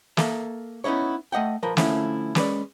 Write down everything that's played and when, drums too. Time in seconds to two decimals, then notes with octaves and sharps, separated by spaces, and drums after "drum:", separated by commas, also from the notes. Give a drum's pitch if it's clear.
0.17 A#3 A4 E5, drum: snare
0.84 B3 C#4 D#4 E4 C#5
1.32 A3 D#5 F#5 G5
1.63 F3 A#4 B4
1.77 D3 F3 A3 C#4 E4, drum: snare
2.35 G#3 C#4 B4 D5, drum: snare